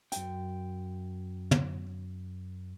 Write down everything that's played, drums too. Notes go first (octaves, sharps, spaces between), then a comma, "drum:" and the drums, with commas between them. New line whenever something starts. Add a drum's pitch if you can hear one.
F#2 G5, drum: hi-hat
drum: tom